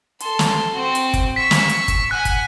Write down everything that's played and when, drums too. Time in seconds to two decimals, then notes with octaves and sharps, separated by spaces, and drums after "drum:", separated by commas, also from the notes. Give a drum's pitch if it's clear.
0.20 A4 C6, drum: hi-hat
0.39 drum: snare
0.73 C4 F#4
0.95 drum: hi-hat
1.14 drum: kick, hi-hat
1.36 C#6 E6 B6
1.51 drum: snare
1.69 drum: hi-hat
1.88 drum: kick, hi-hat
2.11 F#5 G#5 F#6 B6
2.25 drum: kick, hi-hat